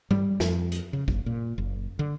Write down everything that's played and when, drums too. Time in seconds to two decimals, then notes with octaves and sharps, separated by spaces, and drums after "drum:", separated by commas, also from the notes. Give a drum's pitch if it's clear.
0.11 G3, drum: tom G2
0.40 F2, drum: snare
0.72 drum: hi-hat
0.93 C#3
1.08 F#1, drum: kick G#1
1.26 A#2
1.58 F#1
1.99 D3